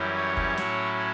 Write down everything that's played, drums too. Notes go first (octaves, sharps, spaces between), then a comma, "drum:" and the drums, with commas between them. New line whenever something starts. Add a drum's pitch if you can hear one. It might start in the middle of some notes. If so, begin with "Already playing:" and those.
Already playing: F#2 E3 G3 C#4 E4
C#5
drum: kick
A2 F#3 C#4 E4, drum: snare